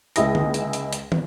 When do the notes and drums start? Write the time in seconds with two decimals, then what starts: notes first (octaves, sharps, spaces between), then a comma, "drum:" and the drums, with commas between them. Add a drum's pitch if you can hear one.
0.16 C#2 G#3 E4 G#4 D#6 A#6, drum: hi-hat
0.35 drum: tom D3
0.54 drum: hi-hat
0.73 drum: hi-hat
0.93 drum: hi-hat
1.12 drum: tom